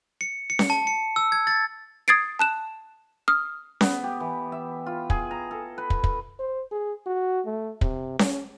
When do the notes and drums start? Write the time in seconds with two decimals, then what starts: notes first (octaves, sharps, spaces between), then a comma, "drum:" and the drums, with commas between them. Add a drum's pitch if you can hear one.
0.21 C#7
0.50 C#7
0.59 drum: snare C#4
0.70 A5
0.87 C#7
1.16 E6
1.32 G#6
1.47 A6
2.08 D#6 G#6 A6 C7 D7
2.39 A5 F#6 E7
3.28 D#6 F6
3.81 B3, drum: snare C#4
4.04 G4
4.20 E3
4.52 E5
4.86 F4
5.10 G#4, drum: kick
5.31 A#5
5.51 A4
5.78 B4
5.90 drum: kick
6.04 drum: kick
6.39 C5
6.72 G#4
7.06 F#4
7.46 A3
7.81 C3, drum: kick
8.19 C#4, drum: snare C#4